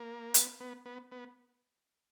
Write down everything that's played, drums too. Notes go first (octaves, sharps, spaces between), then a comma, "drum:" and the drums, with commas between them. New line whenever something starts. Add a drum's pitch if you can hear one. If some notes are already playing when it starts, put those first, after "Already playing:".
Already playing: A#3
B3, drum: hi-hat
B3
B3
B3